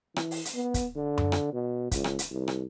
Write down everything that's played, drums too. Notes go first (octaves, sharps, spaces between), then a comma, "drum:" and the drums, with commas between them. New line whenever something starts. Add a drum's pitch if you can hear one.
E3, drum: rim click
drum: open hi-hat
drum: hi-hat
B3
drum: kick, hi-hat
D3
drum: tom F#2
drum: rim click
B2
C#2, drum: kick, hi-hat
drum: rim click
drum: hi-hat
C2
drum: rim click